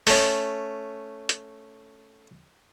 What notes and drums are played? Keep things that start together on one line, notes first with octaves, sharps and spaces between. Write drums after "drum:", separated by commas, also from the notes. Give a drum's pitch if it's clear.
A3 C#4, drum: open hi-hat
drum: hi-hat